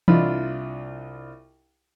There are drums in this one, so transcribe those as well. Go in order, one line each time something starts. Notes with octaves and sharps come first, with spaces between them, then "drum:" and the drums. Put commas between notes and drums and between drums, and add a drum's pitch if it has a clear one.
C2 D4 E4 F4 D#5 B5, drum: tom E3